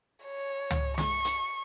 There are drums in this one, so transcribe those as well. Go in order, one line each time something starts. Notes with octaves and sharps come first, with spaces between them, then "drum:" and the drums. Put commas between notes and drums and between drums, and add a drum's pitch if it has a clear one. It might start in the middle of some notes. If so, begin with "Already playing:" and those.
C#5
drum: tom
C#6, drum: snare
drum: hi-hat